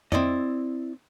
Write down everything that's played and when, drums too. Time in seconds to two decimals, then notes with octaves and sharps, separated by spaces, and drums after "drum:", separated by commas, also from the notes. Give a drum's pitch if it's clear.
0.12 C4 E4 D5 D#5, drum: tom F2